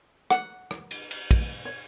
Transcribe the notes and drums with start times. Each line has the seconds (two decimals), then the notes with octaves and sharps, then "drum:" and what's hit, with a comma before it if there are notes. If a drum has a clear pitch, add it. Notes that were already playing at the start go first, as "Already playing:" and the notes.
0.30 F#5, drum: rim click
0.71 drum: rim click
0.91 drum: cymbal
1.11 drum: cymbal
1.31 drum: kick, cymbal
1.65 C#5